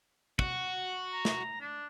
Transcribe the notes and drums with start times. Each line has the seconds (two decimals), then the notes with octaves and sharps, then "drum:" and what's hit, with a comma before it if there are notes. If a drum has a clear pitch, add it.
0.39 F#4, drum: kick
1.13 A#5
1.25 drum: snare
1.60 D4